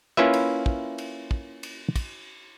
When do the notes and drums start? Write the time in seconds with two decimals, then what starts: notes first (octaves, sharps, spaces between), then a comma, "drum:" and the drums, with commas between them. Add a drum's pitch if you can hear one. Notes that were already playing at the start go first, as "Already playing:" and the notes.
0.17 A#3 C#4 E4 F4 B4 E5
0.34 drum: cymbal
0.66 drum: kick
0.98 drum: cymbal
1.31 drum: kick
1.63 drum: cymbal
1.96 drum: kick, cymbal